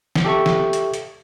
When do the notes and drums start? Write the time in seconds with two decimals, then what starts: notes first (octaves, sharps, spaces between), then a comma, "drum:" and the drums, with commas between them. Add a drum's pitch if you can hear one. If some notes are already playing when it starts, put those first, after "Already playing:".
0.16 drum: snare
0.25 G4 A4 E5 C#6
0.46 drum: snare
0.73 drum: hi-hat
0.94 drum: hi-hat